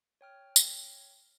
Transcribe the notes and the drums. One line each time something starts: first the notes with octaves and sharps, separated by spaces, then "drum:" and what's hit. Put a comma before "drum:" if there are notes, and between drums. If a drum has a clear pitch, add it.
C#5 G5 F6
drum: tambourine